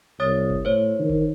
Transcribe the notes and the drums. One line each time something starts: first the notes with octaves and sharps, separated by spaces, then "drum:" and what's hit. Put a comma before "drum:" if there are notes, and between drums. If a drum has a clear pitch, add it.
C2 C#5 D#6 A6
drum: kick G1
A2 C5 C#5
D#3
drum: kick G1